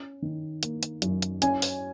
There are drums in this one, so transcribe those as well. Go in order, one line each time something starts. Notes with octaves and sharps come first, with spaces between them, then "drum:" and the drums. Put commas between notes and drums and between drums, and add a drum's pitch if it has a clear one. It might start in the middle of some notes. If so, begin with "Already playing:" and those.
Already playing: C#4
D#3
A#3, drum: hi-hat
drum: hi-hat
F#2, drum: hi-hat
drum: hi-hat
C#4 G#5, drum: hi-hat
drum: open hi-hat